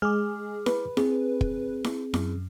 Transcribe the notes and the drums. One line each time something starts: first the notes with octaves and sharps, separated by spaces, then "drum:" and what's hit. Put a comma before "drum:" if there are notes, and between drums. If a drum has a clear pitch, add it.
G#3 G#4 D6 F6
B4, drum: snare E4
C4 G#4, drum: snare E4
drum: kick
drum: snare E4
F#2, drum: snare E4